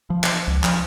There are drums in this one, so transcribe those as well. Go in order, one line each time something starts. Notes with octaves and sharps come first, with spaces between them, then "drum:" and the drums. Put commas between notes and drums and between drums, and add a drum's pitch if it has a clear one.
F3
drum: clap
C#2
F3, drum: clap